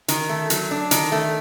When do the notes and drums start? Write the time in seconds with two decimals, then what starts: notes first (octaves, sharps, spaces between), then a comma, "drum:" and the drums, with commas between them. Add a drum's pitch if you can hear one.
0.08 D#3, drum: hi-hat
0.29 A3
0.50 F#3, drum: hi-hat
0.71 D4
0.91 D#3, drum: hi-hat
1.12 A3